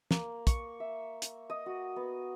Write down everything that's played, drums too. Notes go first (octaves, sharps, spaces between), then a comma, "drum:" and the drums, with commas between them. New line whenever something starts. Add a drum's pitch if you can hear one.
A#3, drum: snare
C#6, drum: kick, hi-hat
E5
drum: hi-hat
D#5
F#4
B3